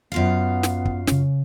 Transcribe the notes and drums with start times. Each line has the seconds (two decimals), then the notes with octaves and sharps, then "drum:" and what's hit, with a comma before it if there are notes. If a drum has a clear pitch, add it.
0.12 F#2 B3 F4 F5
0.63 drum: snare
0.85 drum: kick
1.07 C#3 C#4, drum: snare